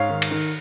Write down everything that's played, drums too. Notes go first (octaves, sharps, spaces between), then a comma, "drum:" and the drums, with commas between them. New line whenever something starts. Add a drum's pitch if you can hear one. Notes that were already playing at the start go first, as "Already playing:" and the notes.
Already playing: G#2 C#5 F5
D#3
drum: cymbal
D#3